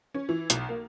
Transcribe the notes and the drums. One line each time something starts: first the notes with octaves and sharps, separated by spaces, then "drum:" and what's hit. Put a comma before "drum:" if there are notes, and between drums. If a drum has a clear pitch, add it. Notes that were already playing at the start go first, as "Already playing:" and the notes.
C#4
E3
B1, drum: hi-hat
A#3